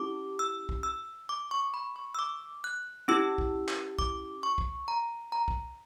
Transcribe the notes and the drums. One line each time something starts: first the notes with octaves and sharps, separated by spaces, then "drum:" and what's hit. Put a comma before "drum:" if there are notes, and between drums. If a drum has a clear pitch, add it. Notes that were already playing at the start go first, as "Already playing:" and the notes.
Already playing: C#4 E4 G4 D6
E6
drum: kick
E6
D6
C#6
B5
C#6
E6
D6
F#6
C#4 E4 G4 E6
drum: kick
drum: clap
D6, drum: kick
C#6
drum: kick
A#5
A#5
drum: kick